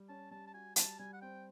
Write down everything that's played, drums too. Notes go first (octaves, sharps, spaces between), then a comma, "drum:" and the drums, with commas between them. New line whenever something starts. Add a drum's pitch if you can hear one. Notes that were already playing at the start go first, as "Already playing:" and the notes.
Already playing: G3
C#4 A5
G3 A5
A5
F#4 G#5
G3 A5, drum: hi-hat
G3 G#5
F#5
C4 G5